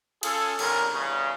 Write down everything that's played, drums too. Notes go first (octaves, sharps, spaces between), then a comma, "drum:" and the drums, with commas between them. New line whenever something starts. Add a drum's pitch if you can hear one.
C#4 F4 G#4 A4, drum: cymbal
C2 D3 G3 C#4 A#4, drum: cymbal
E2 G2 C#3